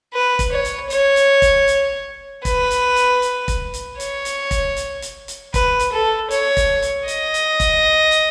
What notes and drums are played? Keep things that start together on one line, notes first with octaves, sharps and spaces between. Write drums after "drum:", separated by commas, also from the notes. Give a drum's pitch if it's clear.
B4
drum: kick, hi-hat
C#5
drum: hi-hat
C#5, drum: hi-hat
drum: hi-hat
drum: kick, hi-hat
drum: hi-hat
B4, drum: kick, hi-hat
drum: hi-hat
drum: hi-hat
drum: hi-hat
drum: kick, hi-hat
drum: hi-hat
C#5, drum: hi-hat
drum: hi-hat
drum: kick, hi-hat
drum: hi-hat
drum: hi-hat
drum: hi-hat
B4, drum: kick, hi-hat
drum: hi-hat
A4
C#5, drum: hi-hat
drum: kick, hi-hat
drum: hi-hat
D#5, drum: hi-hat
drum: hi-hat
drum: kick, hi-hat
drum: hi-hat